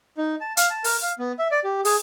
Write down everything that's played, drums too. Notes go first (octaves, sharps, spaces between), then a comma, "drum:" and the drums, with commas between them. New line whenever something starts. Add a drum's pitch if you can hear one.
D#4
A5
F5, drum: hi-hat
A5
A#4, drum: open hi-hat
F5
B3
E5
D5
G4
G#4, drum: open hi-hat